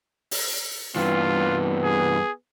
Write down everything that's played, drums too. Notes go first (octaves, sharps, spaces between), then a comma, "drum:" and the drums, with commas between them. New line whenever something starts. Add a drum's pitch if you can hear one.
drum: open hi-hat
G2 E3 B3 F4
G#4